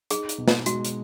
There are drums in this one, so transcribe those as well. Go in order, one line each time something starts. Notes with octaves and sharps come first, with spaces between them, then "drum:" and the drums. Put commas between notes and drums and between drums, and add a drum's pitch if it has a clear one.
D#4 G#4, drum: hi-hat
drum: hi-hat
B2
drum: snare
G#3 F#4, drum: hi-hat
drum: hi-hat